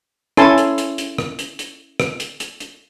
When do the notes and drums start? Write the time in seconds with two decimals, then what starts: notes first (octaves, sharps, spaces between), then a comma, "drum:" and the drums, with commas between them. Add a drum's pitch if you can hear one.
0.37 C#4 E4 A4 G#5 A5 C6, drum: rim click
0.58 drum: hi-hat
0.78 drum: hi-hat
0.98 drum: hi-hat
1.18 drum: rim click
1.39 drum: hi-hat
1.59 drum: hi-hat
2.00 drum: rim click
2.20 drum: hi-hat
2.40 drum: hi-hat
2.60 drum: hi-hat